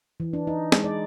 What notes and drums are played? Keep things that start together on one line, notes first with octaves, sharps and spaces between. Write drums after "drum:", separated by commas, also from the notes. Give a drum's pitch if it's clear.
E3
D4
D#4
G#3, drum: snare
D5